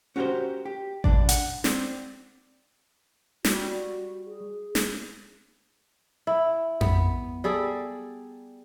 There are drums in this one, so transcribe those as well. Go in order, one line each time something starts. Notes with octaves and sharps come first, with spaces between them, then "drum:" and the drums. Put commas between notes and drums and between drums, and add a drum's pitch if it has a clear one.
C#4 F#4 G4 A#4 C5
G4
B1 E2 D4 D5, drum: kick G#1
F#5, drum: hi-hat
C4 D5, drum: snare
G3 F#4, drum: snare
G#4
drum: snare
E4
B3, drum: tom F2
G3 G#4 A4 D5